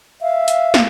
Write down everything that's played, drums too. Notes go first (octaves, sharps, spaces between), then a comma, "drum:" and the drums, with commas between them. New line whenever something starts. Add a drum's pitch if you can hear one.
E5 F5
drum: hi-hat
drum: snare